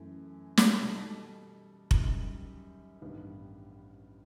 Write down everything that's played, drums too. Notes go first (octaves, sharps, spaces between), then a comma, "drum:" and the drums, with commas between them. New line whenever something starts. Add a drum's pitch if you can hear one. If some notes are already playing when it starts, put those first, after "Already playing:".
Already playing: F#2 E3 A3
drum: snare
B2 G3 D#4 A4
F#2 D#3 G3 D#4, drum: kick F1
A1 G2 D#3 G3 B3